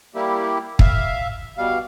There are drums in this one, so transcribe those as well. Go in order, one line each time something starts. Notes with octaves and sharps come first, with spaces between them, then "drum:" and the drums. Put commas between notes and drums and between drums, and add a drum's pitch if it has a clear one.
G3 A#3 E4 G4
E5 F5, drum: kick
B2 G3 F5